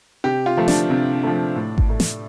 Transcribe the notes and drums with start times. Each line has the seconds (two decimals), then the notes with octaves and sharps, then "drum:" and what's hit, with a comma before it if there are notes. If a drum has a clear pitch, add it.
0.24 C3 G4
0.46 F4
0.57 F3 A3
0.68 D4, drum: snare
0.90 C3
1.23 F3 A3
1.56 A2
1.78 drum: kick G#1
1.89 A3
2.00 drum: snare